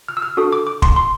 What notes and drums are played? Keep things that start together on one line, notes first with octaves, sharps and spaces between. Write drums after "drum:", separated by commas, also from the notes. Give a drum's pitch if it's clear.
F6
E6
F6
D4 F#4 A4 D#6
D6
D6
C6, drum: kick
C6